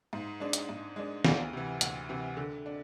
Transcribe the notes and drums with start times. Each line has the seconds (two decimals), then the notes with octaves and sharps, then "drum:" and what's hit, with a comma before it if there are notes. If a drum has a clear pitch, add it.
0.13 G#2
0.40 G#3 D4
0.53 drum: hi-hat
0.69 G#2
0.96 G#3 D4
1.24 D2, drum: snare
1.53 C3 E3
1.81 D2, drum: hi-hat
2.09 C3 E3
2.37 D3
2.66 D4